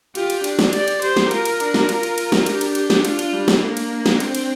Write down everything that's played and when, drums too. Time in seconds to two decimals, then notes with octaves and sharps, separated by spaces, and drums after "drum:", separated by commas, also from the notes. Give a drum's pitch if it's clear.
0.15 F4 G4, drum: cymbal
0.30 drum: cymbal
0.44 D4, drum: cymbal
0.59 drum: snare
0.73 G4 D5, drum: cymbal
0.88 drum: cymbal
1.02 G4 C5, drum: cymbal
1.17 drum: snare
1.31 F4 A#4, drum: cymbal
1.45 drum: cymbal
1.60 D4, drum: cymbal
1.74 drum: snare
1.89 F4, drum: cymbal
2.03 drum: cymbal
2.18 drum: cymbal
2.32 drum: snare
2.46 D4 G4, drum: cymbal
2.61 drum: cymbal
2.75 G4, drum: cymbal
2.90 drum: snare
3.05 F4, drum: cymbal
3.19 drum: cymbal
3.33 G3
3.48 drum: snare
3.62 A#3 D4
3.77 drum: cymbal
4.06 drum: snare
4.20 C4, drum: cymbal
4.35 drum: cymbal